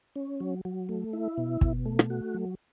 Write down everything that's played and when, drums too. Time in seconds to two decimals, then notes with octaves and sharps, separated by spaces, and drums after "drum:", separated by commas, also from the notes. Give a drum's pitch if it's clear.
0.16 C#4
0.40 F#3
0.65 F#3
0.89 A3
1.13 E4
1.38 B2
1.61 B2, drum: kick
1.86 A3
1.99 drum: rim click
2.10 F#4
2.34 F#3